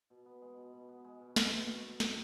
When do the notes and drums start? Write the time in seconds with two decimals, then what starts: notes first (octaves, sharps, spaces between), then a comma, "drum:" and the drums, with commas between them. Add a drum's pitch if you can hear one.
0.10 B2
0.26 B3
0.42 G#3
0.57 B2
0.73 B2
0.88 B3
1.05 G#3
1.21 B2
1.36 D4, drum: snare
1.52 B3
1.68 F#3
1.84 B2
2.00 D4, drum: snare